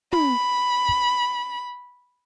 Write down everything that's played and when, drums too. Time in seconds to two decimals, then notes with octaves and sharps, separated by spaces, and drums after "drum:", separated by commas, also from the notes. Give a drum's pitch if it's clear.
0.13 B5, drum: tom
0.89 drum: kick